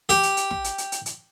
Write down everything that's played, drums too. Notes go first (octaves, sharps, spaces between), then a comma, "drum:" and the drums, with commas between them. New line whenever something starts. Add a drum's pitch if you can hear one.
G4, drum: hi-hat
drum: hi-hat
drum: hi-hat
drum: snare
drum: hi-hat
drum: hi-hat
drum: hi-hat
drum: hi-hat